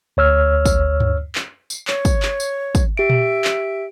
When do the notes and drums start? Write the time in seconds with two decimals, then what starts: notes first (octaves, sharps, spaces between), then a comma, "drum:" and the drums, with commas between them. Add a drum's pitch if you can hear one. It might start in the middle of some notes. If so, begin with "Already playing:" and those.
0.17 D2 C#5 E6 F6
0.65 drum: kick, tambourine
1.00 drum: tom G2
1.35 drum: clap
1.70 drum: tambourine
1.88 C#5, drum: clap
2.05 drum: kick, tambourine
2.22 drum: clap
2.40 drum: tambourine
2.75 drum: kick, tambourine
2.97 G4 E5 D7
3.10 drum: tom A#2
3.44 drum: clap